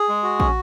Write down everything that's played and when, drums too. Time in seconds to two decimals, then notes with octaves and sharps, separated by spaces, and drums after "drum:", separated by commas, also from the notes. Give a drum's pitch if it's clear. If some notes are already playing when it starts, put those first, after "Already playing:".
Already playing: G#4
0.09 G#3
0.23 F#4
0.40 C#4, drum: kick